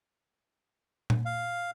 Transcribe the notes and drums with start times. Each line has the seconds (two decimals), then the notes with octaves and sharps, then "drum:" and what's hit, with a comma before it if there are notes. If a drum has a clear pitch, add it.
1.10 drum: tom A#2
1.25 F5